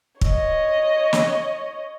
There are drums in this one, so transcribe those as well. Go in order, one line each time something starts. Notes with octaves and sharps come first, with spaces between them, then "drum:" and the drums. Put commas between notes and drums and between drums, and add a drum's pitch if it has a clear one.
C#5 D#5, drum: kick
drum: snare